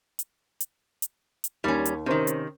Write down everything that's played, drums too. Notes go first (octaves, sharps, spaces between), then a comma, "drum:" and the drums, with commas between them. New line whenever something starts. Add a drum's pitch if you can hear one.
drum: hi-hat
drum: hi-hat
drum: hi-hat
drum: hi-hat
D#2 G3 C#4
drum: hi-hat
C3 D#3 C#4 A#4 C5
drum: hi-hat